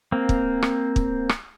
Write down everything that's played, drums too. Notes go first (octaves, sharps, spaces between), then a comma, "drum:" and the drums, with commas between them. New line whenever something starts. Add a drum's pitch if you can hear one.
A#3 C4
drum: kick
drum: rim click
drum: kick
drum: rim click